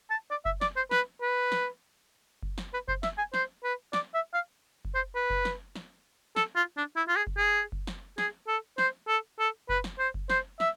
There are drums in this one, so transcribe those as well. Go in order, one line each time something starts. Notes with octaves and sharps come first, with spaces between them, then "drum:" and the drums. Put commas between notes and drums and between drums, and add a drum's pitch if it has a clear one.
A5
D5
E5, drum: kick F#1
D5, drum: snare
C5
B4, drum: snare
B4
drum: snare
drum: kick F#1
drum: snare
B4
C5, drum: kick F#1
E5, drum: snare
G#5
C5, drum: snare
B4
D5, drum: snare
E5
F5
drum: kick F#1
C5
B4
drum: kick F#1
drum: snare
drum: snare
A4, drum: snare
F4
D4
E4
F4
G#4
drum: kick F#1
G#4
drum: kick F#1
drum: snare
G#4, drum: snare
A4
C5, drum: snare
A4
A4
B4, drum: kick F#1
drum: snare
C5
drum: kick F#1
C5, drum: snare
E5, drum: snare